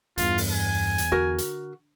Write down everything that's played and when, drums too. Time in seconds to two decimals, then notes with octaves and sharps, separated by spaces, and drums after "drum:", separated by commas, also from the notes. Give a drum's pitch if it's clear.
0.18 E2 G2 F4, drum: hi-hat
0.38 drum: open hi-hat
0.51 G#5
0.98 drum: hi-hat
1.12 D3 F#4 A#4
1.38 drum: hi-hat